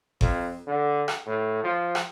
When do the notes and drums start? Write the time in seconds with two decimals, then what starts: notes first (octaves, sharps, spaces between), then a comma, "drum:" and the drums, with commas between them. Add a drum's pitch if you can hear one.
0.21 F2, drum: kick G1
0.67 D3
1.08 drum: rim click
1.26 A2
1.64 F3
1.95 drum: rim click